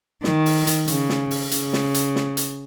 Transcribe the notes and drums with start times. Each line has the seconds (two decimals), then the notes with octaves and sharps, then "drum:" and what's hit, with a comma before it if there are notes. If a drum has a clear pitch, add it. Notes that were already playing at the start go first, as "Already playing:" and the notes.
0.24 D#3, drum: snare
0.46 drum: open hi-hat
0.67 drum: hi-hat
0.88 C#3, drum: hi-hat
1.09 drum: snare
1.31 drum: open hi-hat
1.51 C#3, drum: hi-hat
1.73 drum: snare
1.94 drum: hi-hat
2.16 drum: snare
2.37 drum: hi-hat